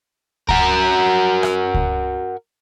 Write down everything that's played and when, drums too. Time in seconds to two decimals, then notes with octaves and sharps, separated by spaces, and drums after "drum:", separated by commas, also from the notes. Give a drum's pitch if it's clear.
0.49 F#4 A#4, drum: kick C#2
1.43 drum: rim click
1.74 drum: kick C#2